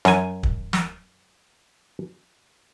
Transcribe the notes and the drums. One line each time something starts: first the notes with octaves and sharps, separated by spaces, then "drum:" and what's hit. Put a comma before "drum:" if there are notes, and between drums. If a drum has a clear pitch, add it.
F#2 G#5, drum: snare
drum: kick
drum: snare